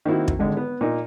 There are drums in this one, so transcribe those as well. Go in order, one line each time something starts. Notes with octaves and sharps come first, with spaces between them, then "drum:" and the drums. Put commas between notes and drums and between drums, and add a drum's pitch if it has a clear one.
D#3 A#3 C4 E4 F#4
drum: kick
G#1 D3 G#3
B3
A#2 A#3 D#4